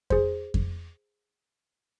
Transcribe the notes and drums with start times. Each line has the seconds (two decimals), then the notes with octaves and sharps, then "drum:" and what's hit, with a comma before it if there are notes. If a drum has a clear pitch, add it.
0.10 G#4 C5, drum: kick F2
0.54 drum: kick F2